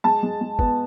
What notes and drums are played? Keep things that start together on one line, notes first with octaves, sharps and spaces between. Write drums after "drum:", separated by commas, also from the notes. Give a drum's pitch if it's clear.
G#3 A5
G#3
G#3
B3, drum: kick